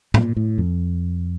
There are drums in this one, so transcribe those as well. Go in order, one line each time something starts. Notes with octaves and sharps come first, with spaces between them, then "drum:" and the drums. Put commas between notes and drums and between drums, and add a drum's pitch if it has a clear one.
A#2, drum: tom A2
A2
F2